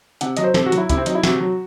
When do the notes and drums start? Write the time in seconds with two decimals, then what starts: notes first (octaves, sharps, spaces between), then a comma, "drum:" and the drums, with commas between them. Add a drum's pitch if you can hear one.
0.21 C3 F#5, drum: hi-hat
0.37 F#3 D#5, drum: hi-hat
0.44 C5
0.54 C3 A4, drum: snare
0.66 F#4
0.72 F#3, drum: hi-hat
0.77 E4
0.89 C3 E4, drum: kick C#2, hi-hat
0.97 C4
1.06 F#3 D#4, drum: hi-hat
1.15 E4
1.23 C3 F#4, drum: snare
1.40 F#3